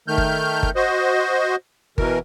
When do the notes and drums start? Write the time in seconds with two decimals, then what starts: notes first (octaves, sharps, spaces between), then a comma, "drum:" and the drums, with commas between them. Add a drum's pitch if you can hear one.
0.08 D#3 A3 F6 G6
0.18 drum: kick G1
0.63 drum: kick G1
0.75 F#4 C5 D#5
1.98 B2 E3 A#4, drum: kick G1